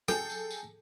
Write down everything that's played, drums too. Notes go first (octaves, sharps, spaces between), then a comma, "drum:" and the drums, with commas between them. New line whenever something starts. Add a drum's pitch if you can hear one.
G#4 A4 G5, drum: rim click
drum: tambourine
drum: tambourine